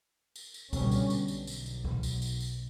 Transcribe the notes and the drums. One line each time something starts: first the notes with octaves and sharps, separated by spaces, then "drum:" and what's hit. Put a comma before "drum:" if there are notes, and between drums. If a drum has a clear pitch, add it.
drum: tambourine
drum: tambourine
B2 D3 G3 B3 C#4, drum: kick C2, tambourine
drum: tambourine
drum: tambourine
B1, drum: tambourine
drum: tambourine
drum: tambourine
drum: kick C2
drum: tambourine
drum: tambourine
drum: tambourine